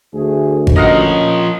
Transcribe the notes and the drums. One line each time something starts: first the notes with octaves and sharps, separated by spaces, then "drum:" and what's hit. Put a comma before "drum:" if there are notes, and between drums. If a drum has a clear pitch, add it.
D2 A3 G#4
drum: kick G#1
F3 C#4 A#4 D#5 F5 F#5